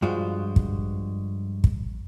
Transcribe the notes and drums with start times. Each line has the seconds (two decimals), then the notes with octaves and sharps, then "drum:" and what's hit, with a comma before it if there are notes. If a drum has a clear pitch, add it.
0.02 G2 F3 G#3 F4 F#4
0.56 drum: kick
1.64 drum: kick